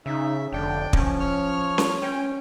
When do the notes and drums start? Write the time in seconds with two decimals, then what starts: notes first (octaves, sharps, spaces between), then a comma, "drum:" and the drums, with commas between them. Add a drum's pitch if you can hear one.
0.06 C#3 D#4 E5
0.52 F1 D3 D4 G5
0.93 F3 C#4, drum: kick
1.20 C#5 F6
1.78 drum: snare C#4
2.02 C#4 G5